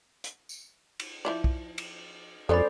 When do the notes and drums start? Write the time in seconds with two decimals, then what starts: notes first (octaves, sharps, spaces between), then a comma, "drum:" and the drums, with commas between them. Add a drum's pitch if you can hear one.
0.24 drum: hi-hat
0.49 drum: tambourine
1.00 drum: cymbal
1.25 F3 E4 D5
1.44 drum: kick B1
1.78 drum: cymbal
2.49 F2 D3 G#3 C#4 A4 C5 D5 B5